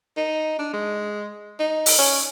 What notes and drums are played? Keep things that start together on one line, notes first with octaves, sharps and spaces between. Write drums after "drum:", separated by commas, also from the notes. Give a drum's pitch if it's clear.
D#4
D4
G#3
D#4
drum: open hi-hat
C#4